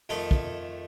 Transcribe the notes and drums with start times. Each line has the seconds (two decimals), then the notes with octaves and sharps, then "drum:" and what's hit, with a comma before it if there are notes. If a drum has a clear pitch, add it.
0.09 F2 D#3 A3 A4
0.31 drum: kick